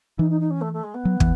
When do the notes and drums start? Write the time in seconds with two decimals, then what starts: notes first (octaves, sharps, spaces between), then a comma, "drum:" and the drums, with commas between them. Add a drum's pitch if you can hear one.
0.18 E3 D#4
0.30 D#4
0.40 D#4
0.50 C#4
0.61 A3
0.73 A3
0.84 G#3
0.94 B3
1.05 F#3
1.20 E3, drum: kick